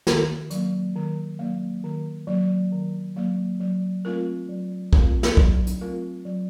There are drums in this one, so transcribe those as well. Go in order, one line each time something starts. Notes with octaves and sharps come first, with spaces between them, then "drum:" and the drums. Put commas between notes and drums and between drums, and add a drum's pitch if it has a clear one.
D#3, drum: snare
F#3 A#3, drum: hi-hat
D#3
F#3 A#3
D#3
F#3 A#3
D#3
F#3 A#3
F#3
A3 C4 F4 A#4
F#3
A3 C4 F4 A#4, drum: kick
drum: snare
F#3, drum: kick
drum: hi-hat
A3 C4 F4 A#4
F#3